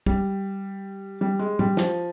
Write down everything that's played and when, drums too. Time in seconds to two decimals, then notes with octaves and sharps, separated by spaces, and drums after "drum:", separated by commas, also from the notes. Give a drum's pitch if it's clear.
0.06 G3, drum: kick
1.21 G3
1.39 G#3
1.59 G3, drum: tom
1.77 F3, drum: snare